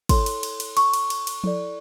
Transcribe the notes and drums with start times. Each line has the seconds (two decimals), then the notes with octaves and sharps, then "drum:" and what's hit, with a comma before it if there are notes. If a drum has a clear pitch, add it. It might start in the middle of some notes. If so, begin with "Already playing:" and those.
0.09 E4 A4 C#5 C6, drum: kick, cymbal
0.26 drum: cymbal
0.43 drum: cymbal
0.60 drum: cymbal
0.77 C#6, drum: cymbal
0.93 drum: cymbal
1.10 drum: cymbal
1.27 drum: cymbal
1.44 E4 A4 D5, drum: tom F3